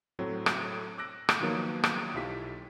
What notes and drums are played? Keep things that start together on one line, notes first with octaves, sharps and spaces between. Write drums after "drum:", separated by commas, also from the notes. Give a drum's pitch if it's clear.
A2 F#3 A3 C4
drum: rim click
D6 E6 F#6 A#6 D7
drum: rim click
D#3 F3 F#3 A#3 B3
drum: rim click
B1 E4 F4 G4 B6